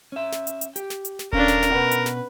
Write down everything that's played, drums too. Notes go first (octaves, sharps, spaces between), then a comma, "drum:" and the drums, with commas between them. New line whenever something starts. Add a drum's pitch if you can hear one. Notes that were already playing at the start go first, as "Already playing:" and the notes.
C#4 E5
drum: snare
drum: hi-hat
drum: hi-hat
G4, drum: hi-hat
drum: snare
drum: hi-hat
drum: snare
D3 C#4 D4 A#4 F5, drum: kick D#1
drum: snare
drum: snare
B2 B4 F#5
drum: hi-hat
drum: snare